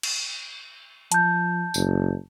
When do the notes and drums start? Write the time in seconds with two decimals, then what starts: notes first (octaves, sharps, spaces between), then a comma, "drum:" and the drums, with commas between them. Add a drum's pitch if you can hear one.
0.03 drum: cymbal
1.12 F3 A5 G6, drum: hi-hat
1.74 F#1, drum: tambourine